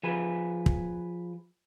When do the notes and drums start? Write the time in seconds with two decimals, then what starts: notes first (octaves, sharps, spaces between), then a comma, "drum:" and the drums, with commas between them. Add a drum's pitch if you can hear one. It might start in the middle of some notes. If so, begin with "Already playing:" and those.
0.03 F3 G#4 B4
0.66 drum: kick